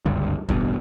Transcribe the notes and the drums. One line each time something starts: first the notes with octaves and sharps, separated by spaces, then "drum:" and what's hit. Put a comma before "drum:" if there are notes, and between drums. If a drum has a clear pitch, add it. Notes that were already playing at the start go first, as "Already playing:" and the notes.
F#1 C#2 G2 D3
A1 G2 B2, drum: kick